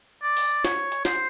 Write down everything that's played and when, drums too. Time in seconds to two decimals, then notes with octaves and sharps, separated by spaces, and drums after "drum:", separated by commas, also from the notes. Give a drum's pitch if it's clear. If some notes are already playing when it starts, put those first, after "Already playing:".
0.23 D5
0.37 drum: open hi-hat
0.65 C#5, drum: snare
0.92 drum: hi-hat
1.05 C5, drum: snare